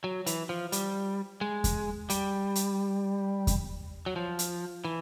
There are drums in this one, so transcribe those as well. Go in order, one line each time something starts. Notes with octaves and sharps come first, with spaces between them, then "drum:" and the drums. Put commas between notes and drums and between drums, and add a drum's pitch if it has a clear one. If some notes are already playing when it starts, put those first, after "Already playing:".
F#3
E3, drum: hi-hat
F3
G3, drum: hi-hat
G#3
drum: kick E2, hi-hat
G3, drum: hi-hat
drum: hi-hat
drum: kick E2, hi-hat
F#3
F3
drum: hi-hat
E3